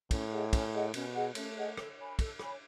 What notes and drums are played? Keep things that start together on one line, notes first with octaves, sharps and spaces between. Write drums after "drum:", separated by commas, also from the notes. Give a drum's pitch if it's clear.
A2 C#4, drum: kick, cymbal
G#4 D#5 F#5
C#4, drum: kick, cymbal
G#4 D#5 F#5
B2 C#4, drum: cymbal
G#4 D#5 F#5
A3 C#4, drum: cymbal
G#4 D#5 F#5
A4, drum: rim click
C#5 G#5 B5
A4, drum: kick, cymbal
C#5 G#5 B5, drum: rim click